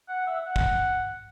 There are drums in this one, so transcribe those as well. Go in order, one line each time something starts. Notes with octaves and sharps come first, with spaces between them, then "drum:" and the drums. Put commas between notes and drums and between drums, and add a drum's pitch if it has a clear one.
F#5
E5
F#5
drum: kick